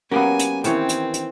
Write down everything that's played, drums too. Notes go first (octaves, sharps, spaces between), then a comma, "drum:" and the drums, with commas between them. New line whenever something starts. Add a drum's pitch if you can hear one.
F#3 A#3 B3 C#4 G4 A#4 G#5
drum: hi-hat
D#3 E3 C4 C#5, drum: hi-hat
drum: hi-hat
drum: hi-hat